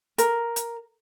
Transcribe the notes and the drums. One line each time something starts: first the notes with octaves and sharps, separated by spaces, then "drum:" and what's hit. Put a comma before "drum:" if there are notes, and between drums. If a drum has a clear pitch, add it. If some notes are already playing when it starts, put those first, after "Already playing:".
A#4, drum: hi-hat
drum: hi-hat